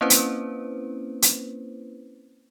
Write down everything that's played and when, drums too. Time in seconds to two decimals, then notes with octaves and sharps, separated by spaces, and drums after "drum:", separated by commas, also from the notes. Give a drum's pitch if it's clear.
0.01 A#3 C4 C#4 E4 B4 C5
0.10 drum: hi-hat
1.22 drum: hi-hat